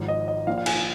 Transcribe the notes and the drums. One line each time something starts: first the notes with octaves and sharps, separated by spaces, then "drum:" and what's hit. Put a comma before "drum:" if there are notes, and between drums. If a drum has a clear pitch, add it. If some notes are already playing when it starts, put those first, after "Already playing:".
Already playing: G#1 G#2 F3
D#5
D#5
A#1 A#2 F3 F5
F5
G#5, drum: cymbal